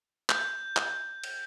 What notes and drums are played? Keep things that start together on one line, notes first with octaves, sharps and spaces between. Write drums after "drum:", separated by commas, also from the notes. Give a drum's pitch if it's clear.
G6, drum: clap
drum: clap
drum: cymbal